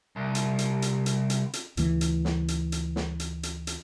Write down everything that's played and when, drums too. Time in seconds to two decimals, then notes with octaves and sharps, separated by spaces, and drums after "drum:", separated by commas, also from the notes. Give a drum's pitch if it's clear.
0.16 C2
0.35 drum: hi-hat
0.59 drum: hi-hat
0.82 drum: hi-hat
1.06 drum: hi-hat
1.30 drum: hi-hat
1.53 drum: hi-hat
1.77 D2 C#3 E3 A3, drum: hi-hat
2.01 drum: hi-hat
2.25 drum: snare
2.48 drum: hi-hat
2.72 drum: hi-hat
2.96 drum: snare
3.20 drum: hi-hat
3.43 drum: hi-hat
3.67 drum: hi-hat